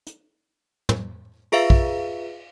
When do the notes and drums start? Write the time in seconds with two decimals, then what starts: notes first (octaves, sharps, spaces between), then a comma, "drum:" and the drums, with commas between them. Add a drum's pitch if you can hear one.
0.07 drum: hi-hat
0.89 drum: tom
1.52 F4 G#4 B4 E5 F5, drum: cymbal
1.70 drum: kick